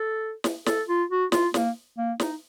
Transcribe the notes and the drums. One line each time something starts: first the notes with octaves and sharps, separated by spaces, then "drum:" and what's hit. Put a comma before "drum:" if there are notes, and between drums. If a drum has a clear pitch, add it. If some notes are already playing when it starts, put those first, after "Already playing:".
Already playing: A4
drum: snare
A4, drum: snare
F4
F#4
F4, drum: snare
A#3, drum: snare
A#3
D#4, drum: snare